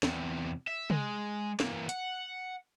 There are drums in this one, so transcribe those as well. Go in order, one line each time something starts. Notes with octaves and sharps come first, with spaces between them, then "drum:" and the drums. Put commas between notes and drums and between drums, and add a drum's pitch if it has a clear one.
E2 C3, drum: snare
E5
G#3, drum: tom
E3 A#3, drum: snare
F#5, drum: hi-hat